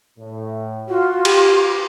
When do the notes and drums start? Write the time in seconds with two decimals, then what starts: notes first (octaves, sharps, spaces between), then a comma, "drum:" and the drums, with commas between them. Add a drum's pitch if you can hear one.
0.19 A2
0.88 F4 F#4
1.25 G4, drum: cymbal